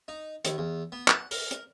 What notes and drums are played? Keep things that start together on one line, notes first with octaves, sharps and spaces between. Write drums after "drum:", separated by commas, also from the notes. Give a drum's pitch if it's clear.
D#4
D#2, drum: hi-hat
E2
B3
F#5, drum: clap
A#4, drum: open hi-hat
drum: hi-hat